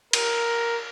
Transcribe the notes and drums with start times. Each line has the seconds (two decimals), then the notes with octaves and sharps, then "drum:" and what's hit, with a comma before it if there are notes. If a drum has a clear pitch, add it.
0.13 A#4, drum: cymbal